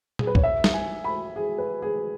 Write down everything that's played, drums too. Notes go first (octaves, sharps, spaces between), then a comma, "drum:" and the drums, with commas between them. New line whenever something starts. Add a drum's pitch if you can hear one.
G#4, drum: tom A#2
B4
C#5, drum: kick
E5
drum: snare
G#5
B5
G#4
B4
G#4